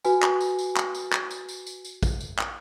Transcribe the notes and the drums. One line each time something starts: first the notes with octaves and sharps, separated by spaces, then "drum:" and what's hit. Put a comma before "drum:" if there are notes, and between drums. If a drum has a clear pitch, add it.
F#4 B4 G#5, drum: tambourine
drum: clap
drum: tambourine
drum: tambourine
drum: clap
drum: tambourine
drum: clap
drum: tambourine
drum: tambourine
drum: tambourine
drum: tambourine
drum: kick, tambourine
drum: tambourine
drum: clap